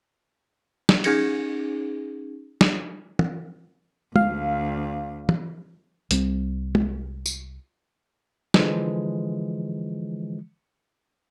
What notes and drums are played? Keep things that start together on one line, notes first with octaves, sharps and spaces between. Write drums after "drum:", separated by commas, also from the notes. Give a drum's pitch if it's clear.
drum: snare
C#4 D#4 G#4 G#6 A#6 C#7, drum: cymbal
drum: snare
drum: tom
D2 F5, drum: tom
drum: tom
C2 G3 C4, drum: hi-hat
drum: tom
drum: tambourine
D3 E3 F3 G#3, drum: snare